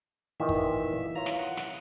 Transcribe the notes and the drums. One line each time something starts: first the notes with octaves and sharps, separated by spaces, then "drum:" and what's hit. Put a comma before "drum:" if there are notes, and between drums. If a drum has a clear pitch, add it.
A#2 D#3 E3 E5
drum: kick
F4 C#5 A#5
drum: snare
F#5
drum: snare